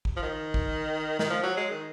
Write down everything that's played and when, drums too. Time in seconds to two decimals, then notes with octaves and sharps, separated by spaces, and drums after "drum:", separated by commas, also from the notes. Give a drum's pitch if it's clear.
0.05 drum: kick A1
0.16 F3
0.22 D#3
0.54 drum: kick A1
1.19 D#3, drum: snare
1.30 F3
1.43 F#3
1.57 G#3
1.71 D#3